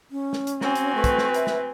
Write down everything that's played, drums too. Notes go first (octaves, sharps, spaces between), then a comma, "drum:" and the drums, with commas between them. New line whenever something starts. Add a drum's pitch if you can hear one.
C#4
drum: snare
drum: hi-hat
C4 F#4 G#5, drum: snare
drum: hi-hat
A3 B4
drum: kick, hi-hat
drum: snare
E5, drum: hi-hat
drum: snare